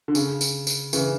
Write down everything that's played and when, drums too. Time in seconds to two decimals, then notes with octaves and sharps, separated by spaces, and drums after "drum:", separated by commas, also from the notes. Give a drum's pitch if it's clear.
0.08 D3
0.15 C#3, drum: tambourine
0.41 drum: tambourine
0.67 drum: tambourine
0.93 C#3 E3, drum: tambourine